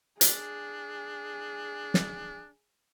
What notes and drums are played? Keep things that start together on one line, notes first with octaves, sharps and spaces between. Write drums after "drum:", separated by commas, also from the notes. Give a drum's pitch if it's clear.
D4 G#4, drum: hi-hat
drum: snare